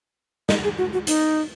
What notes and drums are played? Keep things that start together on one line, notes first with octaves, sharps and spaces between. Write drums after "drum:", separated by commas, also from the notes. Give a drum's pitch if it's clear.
D#5, drum: snare
G#4
F#4
F#4
D#4, drum: hi-hat